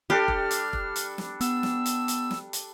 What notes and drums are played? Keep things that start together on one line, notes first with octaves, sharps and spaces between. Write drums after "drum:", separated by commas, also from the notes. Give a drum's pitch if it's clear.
G3 D4 G4 A4 F6
drum: kick
drum: hi-hat
drum: kick
drum: hi-hat
drum: snare
B3 E6, drum: hi-hat
drum: snare
drum: hi-hat
drum: hi-hat
drum: snare
drum: hi-hat